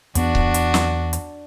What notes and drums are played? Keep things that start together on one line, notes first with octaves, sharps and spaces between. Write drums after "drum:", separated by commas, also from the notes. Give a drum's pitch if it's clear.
E2 B3 D4 F#4, drum: hi-hat
drum: kick C#1
drum: hi-hat
drum: snare
drum: hi-hat